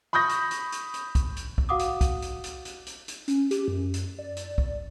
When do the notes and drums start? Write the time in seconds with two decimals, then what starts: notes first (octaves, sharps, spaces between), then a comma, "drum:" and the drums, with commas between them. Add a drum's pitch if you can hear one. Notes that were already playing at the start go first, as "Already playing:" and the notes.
0.13 B5 C#6 D#6 G6 A#6
0.29 drum: hi-hat
0.51 drum: hi-hat
0.72 drum: hi-hat
0.94 drum: hi-hat
1.15 drum: kick, hi-hat
1.37 drum: hi-hat
1.58 drum: kick
1.69 F#4 F5 F#5 D6 D#6
1.79 drum: hi-hat
2.01 drum: kick, hi-hat
2.22 drum: hi-hat
2.44 drum: hi-hat
2.65 drum: hi-hat
2.87 drum: hi-hat
3.08 drum: hi-hat
3.28 C#4, drum: hi-hat
3.51 G4, drum: hi-hat
3.68 F#2
3.94 drum: hi-hat
4.19 D5
4.37 drum: hi-hat
4.58 drum: kick